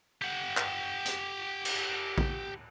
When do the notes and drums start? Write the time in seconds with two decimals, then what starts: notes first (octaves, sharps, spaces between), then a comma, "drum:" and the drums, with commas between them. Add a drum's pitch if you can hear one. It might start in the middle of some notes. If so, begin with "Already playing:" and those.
0.22 G4 F#5
0.57 drum: clap
1.06 drum: hi-hat
1.65 drum: cymbal
2.18 drum: kick A#1